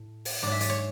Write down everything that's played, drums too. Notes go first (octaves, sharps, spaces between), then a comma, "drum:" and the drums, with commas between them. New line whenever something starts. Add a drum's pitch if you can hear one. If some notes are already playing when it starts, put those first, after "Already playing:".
Already playing: A2
drum: open hi-hat
G#2 F#3 D5
E5
D5, drum: hi-hat
C#5